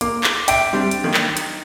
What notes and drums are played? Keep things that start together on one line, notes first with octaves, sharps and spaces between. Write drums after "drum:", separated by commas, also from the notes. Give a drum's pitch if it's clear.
A#3 D6, drum: hi-hat
drum: clap
E5 G5 D7, drum: hi-hat
G3 C4 D4
drum: hi-hat
D#3 A#3
drum: clap
drum: hi-hat